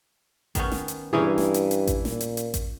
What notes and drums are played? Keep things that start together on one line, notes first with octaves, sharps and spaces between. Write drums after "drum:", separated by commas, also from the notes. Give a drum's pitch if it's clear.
D#3 B3 C#4, drum: kick A1, hi-hat
drum: snare
drum: hi-hat
G2 E3 C#4 D#4 G#4
drum: snare
drum: hi-hat
drum: hi-hat
drum: kick A1, hi-hat
A#2, drum: snare
drum: hi-hat
drum: hi-hat
drum: kick A1, hi-hat